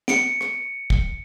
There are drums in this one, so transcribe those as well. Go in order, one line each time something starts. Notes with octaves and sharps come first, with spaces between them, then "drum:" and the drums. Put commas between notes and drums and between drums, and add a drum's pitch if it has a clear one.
C#7 D7, drum: snare
drum: rim click
drum: kick